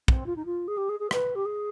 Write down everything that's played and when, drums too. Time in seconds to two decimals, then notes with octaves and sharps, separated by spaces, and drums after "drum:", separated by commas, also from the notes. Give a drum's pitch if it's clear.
0.08 C4, drum: kick
0.26 F4
0.36 D#4
0.45 F4
0.67 G#4
0.77 G4
0.89 G#4
0.99 G#4
1.11 B4, drum: rim click
1.35 G4
1.45 G#4